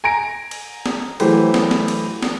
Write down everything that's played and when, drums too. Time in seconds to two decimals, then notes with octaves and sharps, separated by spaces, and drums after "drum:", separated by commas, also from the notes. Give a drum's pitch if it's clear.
0.04 G#5 A#5 A#6 D7
0.51 drum: cymbal
0.86 drum: snare
1.20 E3 F#3 A3 E4 G4 C5, drum: cymbal
1.54 drum: snare
1.71 drum: snare
1.88 drum: cymbal
2.23 drum: snare